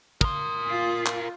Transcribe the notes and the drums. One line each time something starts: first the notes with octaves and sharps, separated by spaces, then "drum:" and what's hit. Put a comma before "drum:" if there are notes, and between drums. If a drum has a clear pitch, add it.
A#4 C6 D#6, drum: kick
F4
drum: clap